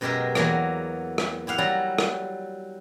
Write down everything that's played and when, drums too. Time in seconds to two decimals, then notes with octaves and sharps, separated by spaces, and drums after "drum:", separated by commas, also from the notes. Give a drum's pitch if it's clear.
0.01 F#2 B2 G#3 G4 A#4 E5
0.35 E2 F#3 A#3 B3, drum: rim click
1.18 drum: rim click
1.47 E4 G4 F5 F#5
1.58 F#3 G3 E4 A#5
1.98 drum: rim click